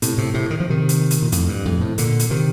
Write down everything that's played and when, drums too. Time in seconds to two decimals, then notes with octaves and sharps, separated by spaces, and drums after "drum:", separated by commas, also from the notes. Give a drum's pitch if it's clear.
0.02 A2 C3, drum: hi-hat
0.18 A2 C3
0.34 A2 C3
0.50 D#3
0.60 F3
0.70 C3 D#3
0.89 drum: hi-hat
1.11 drum: hi-hat
1.22 A#2
1.32 F2 A2, drum: hi-hat
1.48 G2
1.65 F2 A2
1.81 A2 C3
1.98 A#2 D3, drum: hi-hat
2.19 drum: hi-hat
2.30 C3 D#3